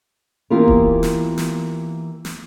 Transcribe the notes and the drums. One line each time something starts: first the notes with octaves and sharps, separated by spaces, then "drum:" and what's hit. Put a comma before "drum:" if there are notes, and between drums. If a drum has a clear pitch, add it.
E3 A#3 B3 F4 G4 A#4
drum: kick D#1
drum: snare
drum: snare
drum: snare